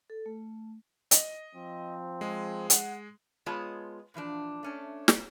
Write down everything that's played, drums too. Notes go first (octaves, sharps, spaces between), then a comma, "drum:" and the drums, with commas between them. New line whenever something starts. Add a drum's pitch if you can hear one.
A4
A3
D#5, drum: hi-hat
F3 C4
G#3 G#4
F#5, drum: hi-hat
G#3 B3 F4 C#5 D#5 A5
A#2 E3 F3 D4
A3 C#4 D4
drum: snare